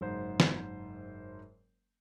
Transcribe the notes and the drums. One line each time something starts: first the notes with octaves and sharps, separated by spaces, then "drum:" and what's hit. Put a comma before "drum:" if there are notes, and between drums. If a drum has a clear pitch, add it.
F#1 G#2 C5
drum: snare